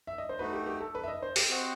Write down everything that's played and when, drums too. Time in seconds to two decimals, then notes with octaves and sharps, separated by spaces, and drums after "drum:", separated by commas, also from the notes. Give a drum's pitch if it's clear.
0.07 E5
0.18 D#5
0.29 C5
0.39 A3 D#4 F#4 B4
0.53 G4
0.66 G4
0.81 A4
0.95 B4
1.04 E5
1.08 D#5
1.22 C5
1.36 G4, drum: open hi-hat
1.50 C4 F#4 C5 D#5 F#5